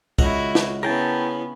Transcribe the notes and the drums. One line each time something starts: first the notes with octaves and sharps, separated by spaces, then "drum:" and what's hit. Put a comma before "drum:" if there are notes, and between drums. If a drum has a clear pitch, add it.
C#2 E4 F#4 F#5 A#5, drum: kick C2
drum: snare
C#3 B3 C#4 E4 A#4 G5 A5